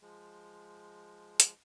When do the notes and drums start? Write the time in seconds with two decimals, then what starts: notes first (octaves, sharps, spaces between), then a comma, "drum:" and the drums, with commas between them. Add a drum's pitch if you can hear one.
0.01 F3 G#3
1.40 drum: hi-hat